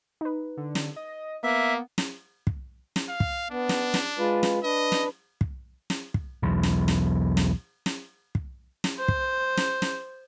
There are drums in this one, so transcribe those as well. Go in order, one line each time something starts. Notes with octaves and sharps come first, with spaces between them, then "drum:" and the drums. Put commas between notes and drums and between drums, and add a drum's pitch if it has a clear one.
D#4 B4
D3
drum: snare
D#5
A#3 B3 E5
drum: snare
drum: kick
drum: snare
F5
drum: kick
B3 D4
drum: snare
drum: snare
G#3 F4 B4
drum: snare
D4 B4 D#5
drum: snare
drum: kick
drum: snare
drum: kick
B1 E2
drum: snare
drum: snare
drum: snare
drum: snare
drum: kick
drum: snare
C5
drum: kick
drum: snare
drum: snare